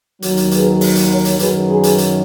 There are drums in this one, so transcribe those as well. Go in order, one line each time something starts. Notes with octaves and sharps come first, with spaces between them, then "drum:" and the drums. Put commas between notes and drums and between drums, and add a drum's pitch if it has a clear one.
D#2 D#3 F#3, drum: hi-hat
drum: hi-hat
G#4 B4, drum: hi-hat
drum: open hi-hat
drum: hi-hat
A#4 C#5
drum: hi-hat
F#2 D#3 F#3 G#4 B4, drum: hi-hat
G#4 B4
drum: hi-hat
drum: hi-hat